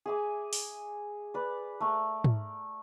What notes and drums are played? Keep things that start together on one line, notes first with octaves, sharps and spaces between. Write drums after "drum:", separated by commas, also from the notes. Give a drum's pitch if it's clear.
G#4 E5 G#5 D6
drum: open hi-hat
B4 D5
A3 A#4
drum: tom G#2